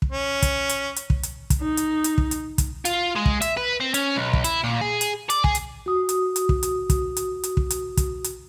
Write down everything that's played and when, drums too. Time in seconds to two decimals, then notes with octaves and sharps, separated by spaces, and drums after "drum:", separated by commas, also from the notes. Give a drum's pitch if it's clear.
0.02 drum: kick
0.12 C#4
0.42 drum: kick, hi-hat
0.69 drum: hi-hat
0.96 drum: hi-hat
1.10 drum: kick
1.23 drum: hi-hat
1.50 drum: kick, hi-hat
1.61 D#4
1.77 drum: hi-hat
2.04 drum: hi-hat
2.18 drum: kick
2.31 drum: hi-hat
2.58 drum: kick, hi-hat
2.85 F4, drum: hi-hat
3.16 G#3
3.26 drum: kick
3.42 E5, drum: hi-hat
3.57 B4
3.80 C4
3.94 C#4, drum: hi-hat
4.16 B1
4.33 drum: kick
4.44 E4, drum: hi-hat
4.64 A#2
4.81 G#4
5.01 drum: hi-hat
5.30 D5, drum: hi-hat
5.44 G#4, drum: kick
5.55 drum: hi-hat
5.86 F#4 D#6
6.09 drum: hi-hat
6.36 drum: hi-hat
6.49 drum: kick
6.63 drum: hi-hat
6.90 drum: kick, hi-hat
7.17 drum: hi-hat
7.43 drum: hi-hat
7.57 drum: kick
7.70 drum: hi-hat
7.97 drum: kick, hi-hat
8.24 drum: hi-hat